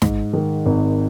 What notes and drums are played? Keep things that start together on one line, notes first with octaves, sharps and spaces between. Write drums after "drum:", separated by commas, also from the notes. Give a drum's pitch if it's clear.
G#2, drum: snare
D#3
G#1